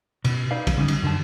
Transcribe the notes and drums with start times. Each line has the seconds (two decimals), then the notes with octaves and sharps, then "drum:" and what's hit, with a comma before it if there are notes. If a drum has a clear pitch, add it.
0.25 B2, drum: cymbal
0.51 D#4 B4 D5 F5
0.67 drum: kick, cymbal
0.77 D3 G3 C#4 D#4
0.88 drum: cymbal
1.02 F#2 D3 D#3 A5